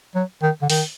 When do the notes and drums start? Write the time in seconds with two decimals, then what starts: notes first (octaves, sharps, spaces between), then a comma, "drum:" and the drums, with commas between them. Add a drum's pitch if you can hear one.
0.15 F#3
0.42 D#3
0.62 D3
0.70 D#3, drum: open hi-hat